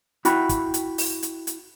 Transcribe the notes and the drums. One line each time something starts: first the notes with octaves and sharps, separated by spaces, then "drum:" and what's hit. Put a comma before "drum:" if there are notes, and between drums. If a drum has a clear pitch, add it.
E4 F#4 G5 B5, drum: hi-hat
drum: kick, hi-hat
drum: hi-hat
drum: open hi-hat
drum: hi-hat
drum: hi-hat